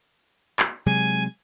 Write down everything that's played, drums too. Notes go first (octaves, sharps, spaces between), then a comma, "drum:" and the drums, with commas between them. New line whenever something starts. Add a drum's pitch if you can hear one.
drum: clap
C3 F#3 G#3 G#5